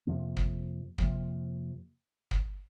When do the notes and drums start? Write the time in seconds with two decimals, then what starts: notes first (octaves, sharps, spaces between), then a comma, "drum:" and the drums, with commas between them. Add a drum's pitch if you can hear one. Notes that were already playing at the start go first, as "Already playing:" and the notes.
0.07 F2 C3 F3 A#3
0.37 drum: kick
0.98 F2 C3 F3 A#3, drum: kick
2.31 drum: kick